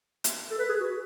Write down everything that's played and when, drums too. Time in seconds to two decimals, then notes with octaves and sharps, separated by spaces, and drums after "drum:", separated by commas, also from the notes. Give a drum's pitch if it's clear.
0.24 drum: hi-hat
0.51 A4
0.58 B4
0.69 G#4
0.80 F#4